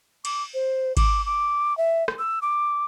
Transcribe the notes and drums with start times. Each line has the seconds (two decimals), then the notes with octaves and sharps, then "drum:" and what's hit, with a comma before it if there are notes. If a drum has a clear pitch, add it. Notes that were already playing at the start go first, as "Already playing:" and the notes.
0.25 D6, drum: cymbal
0.54 C5
0.97 D6, drum: kick G#1, cymbal
1.26 D6
1.78 E5
2.08 drum: rim click
2.19 E6
2.42 D6